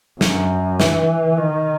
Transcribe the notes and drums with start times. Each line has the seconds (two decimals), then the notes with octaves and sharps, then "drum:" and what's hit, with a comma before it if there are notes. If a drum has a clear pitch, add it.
0.21 F#2, drum: snare
0.80 E3, drum: snare
1.38 D#3